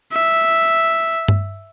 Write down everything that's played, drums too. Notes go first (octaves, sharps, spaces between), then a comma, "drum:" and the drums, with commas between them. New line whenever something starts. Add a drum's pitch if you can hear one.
E5
drum: tom G2